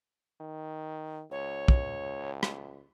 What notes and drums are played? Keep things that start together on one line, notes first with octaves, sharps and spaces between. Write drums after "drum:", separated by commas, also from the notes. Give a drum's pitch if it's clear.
D#3
C#2 C#5
drum: kick
drum: rim click